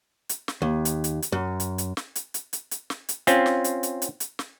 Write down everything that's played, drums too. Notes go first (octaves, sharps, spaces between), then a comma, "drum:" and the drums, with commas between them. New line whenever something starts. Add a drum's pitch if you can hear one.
drum: hi-hat
drum: snare
D#2
drum: hi-hat
drum: hi-hat
drum: hi-hat
F#2
drum: hi-hat
drum: hi-hat
drum: snare
drum: hi-hat
drum: hi-hat
drum: hi-hat
drum: hi-hat
drum: snare
drum: hi-hat
C4 C#4 F4, drum: hi-hat
drum: snare
drum: hi-hat
drum: hi-hat
drum: hi-hat
drum: hi-hat
drum: snare